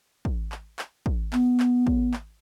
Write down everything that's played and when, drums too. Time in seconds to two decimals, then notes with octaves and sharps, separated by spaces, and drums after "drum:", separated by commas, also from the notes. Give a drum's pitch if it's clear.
0.25 drum: kick
0.52 drum: clap
0.79 drum: clap
1.06 drum: kick
1.33 B3, drum: clap
1.60 drum: clap
1.87 drum: kick
2.14 drum: clap